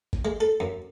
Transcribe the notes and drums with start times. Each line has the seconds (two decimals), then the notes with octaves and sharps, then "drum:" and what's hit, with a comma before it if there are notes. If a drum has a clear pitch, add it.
0.13 drum: kick G1
0.25 G#3
0.41 A4
0.60 F#2